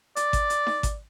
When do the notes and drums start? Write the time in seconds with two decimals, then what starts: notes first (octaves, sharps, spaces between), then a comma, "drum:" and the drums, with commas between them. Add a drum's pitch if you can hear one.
0.16 D5, drum: hi-hat
0.33 drum: kick G#1, hi-hat
0.50 drum: hi-hat
0.67 drum: snare D#4
0.83 drum: kick G#1, hi-hat